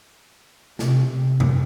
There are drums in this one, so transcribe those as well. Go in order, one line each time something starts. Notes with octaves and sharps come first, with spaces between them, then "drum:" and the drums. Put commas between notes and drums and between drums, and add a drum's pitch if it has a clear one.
C3, drum: snare
drum: tom F2